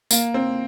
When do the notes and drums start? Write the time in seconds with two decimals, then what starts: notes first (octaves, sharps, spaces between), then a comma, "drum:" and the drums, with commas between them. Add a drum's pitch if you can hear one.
0.11 A#3, drum: tambourine
0.34 C4